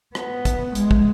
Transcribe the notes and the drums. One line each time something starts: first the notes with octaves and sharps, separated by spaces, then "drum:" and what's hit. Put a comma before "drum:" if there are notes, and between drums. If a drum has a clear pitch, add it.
B3, drum: rim click
drum: kick, hi-hat
G#3, drum: hi-hat
drum: kick